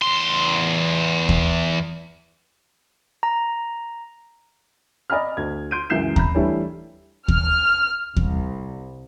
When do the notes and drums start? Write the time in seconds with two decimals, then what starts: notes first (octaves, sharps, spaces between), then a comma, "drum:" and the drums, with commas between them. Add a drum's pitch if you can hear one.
0.02 E2 C6
1.29 drum: kick D#2
3.23 A#5
5.10 D5 D#5 G#5 A#5 B5 F6
5.37 D2 G#6
5.71 C6 G6 D7 D#7
5.90 C#2 F#2 E3 G6 C7 E7
6.16 A#5 B5 G6, drum: kick D#2
6.35 E3 G3 A3 D4 A4 C#5
7.28 F6, drum: kick D#2
8.16 C2, drum: kick D#2